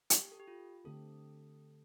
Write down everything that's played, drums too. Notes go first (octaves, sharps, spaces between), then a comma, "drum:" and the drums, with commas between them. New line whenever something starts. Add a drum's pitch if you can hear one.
G4, drum: hi-hat
A4
G4
F4
D3 A3 C4 G4 A4